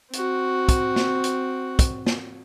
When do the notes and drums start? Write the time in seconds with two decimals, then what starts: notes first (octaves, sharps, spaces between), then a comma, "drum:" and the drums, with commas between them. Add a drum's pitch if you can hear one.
0.13 C4 F#4, drum: hi-hat
0.69 drum: kick, hi-hat
0.96 drum: snare
1.24 drum: hi-hat
1.79 drum: kick, hi-hat
2.06 drum: snare